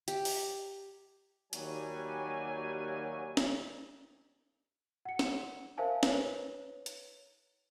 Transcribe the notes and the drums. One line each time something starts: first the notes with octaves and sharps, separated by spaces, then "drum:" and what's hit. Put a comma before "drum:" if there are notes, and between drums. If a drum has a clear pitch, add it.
G4, drum: hi-hat
drum: open hi-hat
D#2 F#3 G3 G#5, drum: hi-hat
drum: snare
F#5 C#7
drum: snare
A#4 C5 E5 F5 G#5 A5
B4 C#5, drum: snare
drum: hi-hat